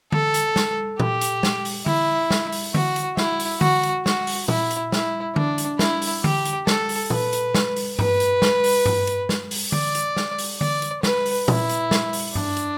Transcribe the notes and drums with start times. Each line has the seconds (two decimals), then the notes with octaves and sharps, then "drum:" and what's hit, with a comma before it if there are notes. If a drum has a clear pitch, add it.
0.12 A4, drum: tom D3
0.34 drum: hi-hat
0.56 drum: snare
1.00 G4, drum: tom A#2
1.21 drum: hi-hat
1.43 drum: snare
1.65 drum: open hi-hat
1.86 E4, drum: tom D3
2.31 drum: snare
2.52 drum: open hi-hat
2.74 F#4, drum: tom D3
2.96 drum: hi-hat
3.17 E4, drum: snare
3.40 drum: open hi-hat
3.61 F#4, drum: tom D3
3.83 drum: hi-hat
4.06 F#4, drum: snare
4.27 drum: open hi-hat
4.48 E4, drum: tom A#2
4.71 drum: hi-hat
4.92 E4, drum: snare
5.36 D4, drum: tom D3
5.58 drum: hi-hat
5.79 E4, drum: snare
6.02 drum: open hi-hat
6.24 G4, drum: tom D3
6.45 drum: hi-hat
6.67 A4, drum: snare
6.89 drum: open hi-hat
7.10 B4, drum: tom A#2
7.33 drum: hi-hat
7.55 drum: snare
7.76 drum: open hi-hat
7.99 B4, drum: tom G2
8.20 drum: hi-hat
8.42 drum: snare
8.64 drum: open hi-hat
8.86 drum: tom G2
9.07 drum: hi-hat
9.29 drum: snare
9.51 drum: open hi-hat
9.72 D5, drum: tom D3
9.95 drum: hi-hat
10.17 drum: snare
10.38 drum: open hi-hat
10.61 D5, drum: tom D3
10.82 drum: hi-hat
11.03 B4, drum: snare
11.26 drum: open hi-hat
11.48 E4, drum: tom A#2
11.69 drum: hi-hat
11.91 drum: snare
12.13 drum: open hi-hat
12.35 D4, drum: tom G2
12.57 drum: hi-hat